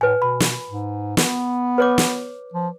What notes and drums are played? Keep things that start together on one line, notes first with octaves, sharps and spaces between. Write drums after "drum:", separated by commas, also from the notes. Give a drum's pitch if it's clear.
A2 B4 G#5
B2 B5
drum: snare
G#2
B3, drum: snare
B4 C#5 D6
drum: snare
F3